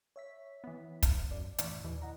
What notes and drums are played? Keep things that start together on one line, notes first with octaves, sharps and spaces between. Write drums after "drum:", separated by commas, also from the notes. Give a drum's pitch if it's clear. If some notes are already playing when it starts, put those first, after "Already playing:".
C#5 E5 B6
E3 B3
drum: kick, hi-hat
F#2 D5
F2 A2 E3 D5, drum: hi-hat
D#2 A#2 E3
D#5 F#5 A#5